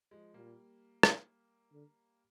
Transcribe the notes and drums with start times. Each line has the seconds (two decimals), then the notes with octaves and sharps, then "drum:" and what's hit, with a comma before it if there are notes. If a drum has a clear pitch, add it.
0.11 F3 G#3
0.34 A#2 G3 A#3
1.03 A#2, drum: rim click
1.73 D3